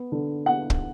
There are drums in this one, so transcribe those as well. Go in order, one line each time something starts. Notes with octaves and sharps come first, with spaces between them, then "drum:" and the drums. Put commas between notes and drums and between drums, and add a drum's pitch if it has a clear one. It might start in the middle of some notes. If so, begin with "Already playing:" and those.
Already playing: B3
D3
B3 F#5
drum: kick